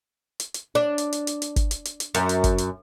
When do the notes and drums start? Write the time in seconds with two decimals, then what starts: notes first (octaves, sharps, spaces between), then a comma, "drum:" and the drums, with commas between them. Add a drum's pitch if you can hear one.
0.40 drum: hi-hat
0.54 drum: hi-hat
0.75 D4
0.98 drum: hi-hat
1.12 drum: hi-hat
1.27 drum: hi-hat
1.42 drum: hi-hat
1.56 drum: kick G1, hi-hat
1.71 drum: hi-hat
1.85 drum: hi-hat
2.00 drum: hi-hat
2.15 F#2, drum: hi-hat
2.29 drum: hi-hat
2.44 drum: kick G1, hi-hat
2.58 drum: hi-hat